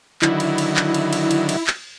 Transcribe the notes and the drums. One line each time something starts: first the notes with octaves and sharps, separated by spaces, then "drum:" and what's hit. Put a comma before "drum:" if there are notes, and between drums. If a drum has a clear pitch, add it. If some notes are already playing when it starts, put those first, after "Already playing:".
D3 D#3 F#3 E4, drum: clap
drum: cymbal
drum: cymbal
drum: clap
drum: cymbal
drum: cymbal
drum: cymbal
drum: cymbal
drum: clap